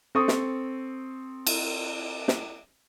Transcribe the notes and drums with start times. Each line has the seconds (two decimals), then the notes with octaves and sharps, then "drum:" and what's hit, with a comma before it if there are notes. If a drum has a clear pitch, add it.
0.15 C4 A4 C#6 D#6
0.28 drum: snare
1.47 drum: cymbal
2.28 drum: snare